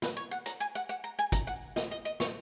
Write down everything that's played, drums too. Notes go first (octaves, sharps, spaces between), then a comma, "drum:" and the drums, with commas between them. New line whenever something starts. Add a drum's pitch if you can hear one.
B4, drum: snare
C#5
F#5
A#5, drum: hi-hat
G#5
F#5
F#5
A#5
G#5
A#5, drum: kick, hi-hat
F#5
D#5, drum: snare
D#5
D#5
C#5, drum: snare